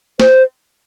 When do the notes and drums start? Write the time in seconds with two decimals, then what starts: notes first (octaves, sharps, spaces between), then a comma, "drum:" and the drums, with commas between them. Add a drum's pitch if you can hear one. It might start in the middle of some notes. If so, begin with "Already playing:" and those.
0.20 C5, drum: snare